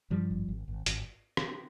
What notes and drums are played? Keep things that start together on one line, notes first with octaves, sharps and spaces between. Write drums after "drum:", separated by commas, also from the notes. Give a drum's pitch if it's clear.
G2 F3 G3
G#1
G#1
G#1
G#1, drum: hi-hat
drum: rim click